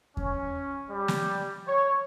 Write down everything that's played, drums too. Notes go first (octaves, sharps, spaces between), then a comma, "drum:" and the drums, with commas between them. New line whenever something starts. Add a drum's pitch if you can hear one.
C#4, drum: kick E2
G3
drum: snare
C#5